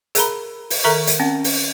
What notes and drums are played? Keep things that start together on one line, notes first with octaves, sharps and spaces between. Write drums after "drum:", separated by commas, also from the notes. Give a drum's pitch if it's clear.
G#4 A#4 A#5 B5, drum: hi-hat
drum: open hi-hat
D#3 A4 A#4 E5 A#5 C#6
drum: hi-hat
C4 C#4 F#5
drum: open hi-hat